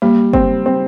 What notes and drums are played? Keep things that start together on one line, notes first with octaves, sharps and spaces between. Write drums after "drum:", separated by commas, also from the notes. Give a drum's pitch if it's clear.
G3 A#3
C4, drum: kick
C4